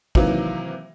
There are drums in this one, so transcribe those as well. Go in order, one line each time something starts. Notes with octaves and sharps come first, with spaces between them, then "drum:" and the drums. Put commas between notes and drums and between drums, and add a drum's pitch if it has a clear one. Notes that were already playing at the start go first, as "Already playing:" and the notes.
C3 D#3 E3 F#3 A#3, drum: kick